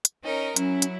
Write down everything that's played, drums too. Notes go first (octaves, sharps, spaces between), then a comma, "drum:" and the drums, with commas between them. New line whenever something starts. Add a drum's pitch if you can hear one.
drum: hi-hat
C#4 D#4 A#4
F#3 C#4 E4, drum: hi-hat
drum: hi-hat